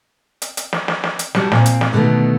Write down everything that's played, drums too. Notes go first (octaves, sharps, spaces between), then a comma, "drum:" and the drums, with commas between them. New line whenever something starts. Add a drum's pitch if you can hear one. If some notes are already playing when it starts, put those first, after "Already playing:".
drum: hi-hat
drum: hi-hat
drum: snare
drum: snare
drum: snare
drum: hi-hat
F#3 G3 D4, drum: snare
A#2 C4, drum: snare
drum: hi-hat
drum: snare
B2 D3 D#3 A3 B3